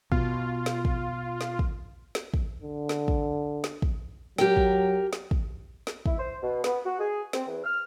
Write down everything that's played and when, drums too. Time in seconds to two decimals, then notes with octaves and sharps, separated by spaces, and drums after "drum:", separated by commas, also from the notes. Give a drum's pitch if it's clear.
0.12 B2 F4, drum: kick
0.66 drum: snare
0.85 drum: kick
1.41 drum: snare
1.59 drum: kick
2.15 drum: snare
2.34 drum: kick
2.63 D3
2.89 drum: snare
3.08 drum: kick
3.64 drum: snare
3.82 drum: kick
4.38 F#3 G4 A#4 G5, drum: snare
4.57 drum: kick
5.13 drum: snare
5.31 drum: kick
5.87 drum: snare
6.06 E4, drum: kick
6.18 C5
6.42 B2
6.64 B3, drum: snare
6.84 F#4
6.99 G#4
7.33 C4, drum: snare
7.46 E2
7.64 F6